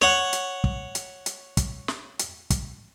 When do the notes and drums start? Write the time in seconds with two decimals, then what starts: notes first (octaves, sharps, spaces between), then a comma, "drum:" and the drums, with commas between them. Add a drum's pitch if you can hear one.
0.02 C#5 F#5, drum: snare
0.33 drum: hi-hat
0.64 drum: kick
0.95 drum: hi-hat
1.26 drum: hi-hat
1.57 drum: kick, hi-hat
1.88 drum: snare
2.19 drum: hi-hat
2.50 drum: kick, hi-hat